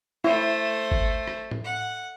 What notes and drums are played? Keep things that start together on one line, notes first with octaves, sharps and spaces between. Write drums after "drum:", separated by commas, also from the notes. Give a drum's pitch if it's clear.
A3 E4 C5
drum: kick G1
drum: rim click
drum: tom A2
F#5